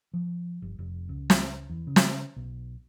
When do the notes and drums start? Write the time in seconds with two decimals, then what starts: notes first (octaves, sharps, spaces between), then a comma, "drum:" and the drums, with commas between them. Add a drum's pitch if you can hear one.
0.14 F3
0.62 G1
0.79 F1
1.09 C#2
1.30 drum: snare
1.70 E2
1.87 C#3
1.96 drum: snare
2.36 B1